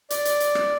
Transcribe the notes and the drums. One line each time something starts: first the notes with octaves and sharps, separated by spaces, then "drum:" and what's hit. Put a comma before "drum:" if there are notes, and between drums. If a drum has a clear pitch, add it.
D5, drum: hi-hat
drum: hi-hat
drum: hi-hat
drum: rim click